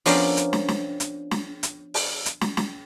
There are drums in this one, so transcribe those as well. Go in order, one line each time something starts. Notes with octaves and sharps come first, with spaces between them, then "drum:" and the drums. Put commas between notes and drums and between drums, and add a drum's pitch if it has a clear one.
F3 B3 C#4 D4 A#4 C5, drum: open hi-hat
drum: hi-hat
drum: snare
drum: snare
drum: hi-hat
drum: snare
drum: hi-hat
drum: open hi-hat
drum: hi-hat
drum: snare
drum: snare